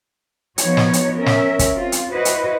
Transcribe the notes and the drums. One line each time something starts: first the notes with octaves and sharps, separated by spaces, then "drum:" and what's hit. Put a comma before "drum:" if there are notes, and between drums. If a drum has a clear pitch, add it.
F3 B3 D#4 F#4 C#5, drum: hi-hat
drum: snare
drum: hi-hat
C#4 A#4 E5
drum: snare
drum: kick, hi-hat
C4 F4
drum: hi-hat
E4 F#4 B4 C5 D#5
drum: hi-hat